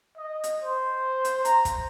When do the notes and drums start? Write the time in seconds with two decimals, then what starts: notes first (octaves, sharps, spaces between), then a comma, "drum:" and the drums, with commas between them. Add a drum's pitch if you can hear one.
0.16 D#5
0.44 drum: hi-hat
0.63 C5
1.25 drum: hi-hat
1.45 A#5, drum: hi-hat
1.65 drum: kick, hi-hat